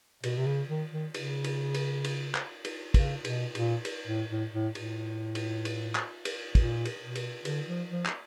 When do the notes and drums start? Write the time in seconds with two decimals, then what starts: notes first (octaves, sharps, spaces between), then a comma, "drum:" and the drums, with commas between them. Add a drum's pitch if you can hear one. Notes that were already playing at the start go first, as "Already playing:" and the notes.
0.24 B2, drum: cymbal
0.38 C3
0.47 C#3
0.69 D#3
0.92 D#3
1.14 C#3, drum: cymbal
1.44 drum: cymbal
1.74 drum: cymbal
2.05 drum: cymbal
2.35 drum: clap
2.65 drum: cymbal
2.94 C#3, drum: kick, cymbal
3.25 B2, drum: cymbal
3.55 A#2, drum: cymbal
3.85 drum: cymbal
4.07 A2
4.30 A2
4.53 A2
4.75 A2, drum: cymbal
5.35 drum: cymbal
5.65 drum: cymbal
5.95 drum: clap
6.25 drum: cymbal
6.55 A#2, drum: kick, cymbal
6.85 drum: cymbal
7.00 B2
7.15 drum: cymbal
7.45 D3, drum: cymbal
7.67 F3
7.90 F3
8.06 drum: clap